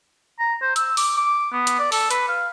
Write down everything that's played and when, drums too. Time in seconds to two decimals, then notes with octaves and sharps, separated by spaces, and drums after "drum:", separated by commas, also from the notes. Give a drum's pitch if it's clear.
0.39 A#5
0.62 C5
0.76 E6, drum: hi-hat
0.97 D6, drum: open hi-hat
1.17 D6
1.52 B3
1.67 drum: hi-hat
1.79 D5
1.92 A4, drum: open hi-hat
2.11 B4, drum: hi-hat
2.28 F5